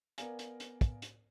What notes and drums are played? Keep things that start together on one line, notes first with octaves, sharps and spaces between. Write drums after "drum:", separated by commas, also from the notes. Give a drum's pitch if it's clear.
B3 A#4 D5 F5 G#5, drum: hi-hat
drum: hi-hat
drum: hi-hat
drum: kick, hi-hat
drum: hi-hat